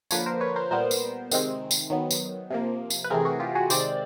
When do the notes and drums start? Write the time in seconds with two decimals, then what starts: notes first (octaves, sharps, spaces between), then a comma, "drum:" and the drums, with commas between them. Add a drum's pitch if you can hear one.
0.11 D3 F3 A#3 B4 C#5, drum: tambourine
0.26 A#4 C5
0.41 B4 C#5
0.56 A#4 C5
0.71 A#2 G3 B3 A#4 C5
0.91 drum: tambourine
1.31 C3 D#3 G#3 C4, drum: tambourine
1.71 drum: tambourine
1.90 D#3 F#3 B3
2.11 drum: tambourine
2.50 C3 F3 A#3
2.90 drum: tambourine
3.04 B4
3.10 C3 E3 A3 C4 G#4 A#4
3.25 F#4 G#4
3.40 F4 G4
3.55 F#4 G#4
3.70 C3 D#3 G#3 C4 C5 D5, drum: tambourine